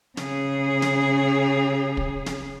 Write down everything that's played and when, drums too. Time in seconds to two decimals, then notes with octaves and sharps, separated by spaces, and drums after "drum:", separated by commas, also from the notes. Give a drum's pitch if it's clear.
0.17 C#3 G#4, drum: snare
0.82 drum: snare
1.97 drum: kick
2.26 drum: snare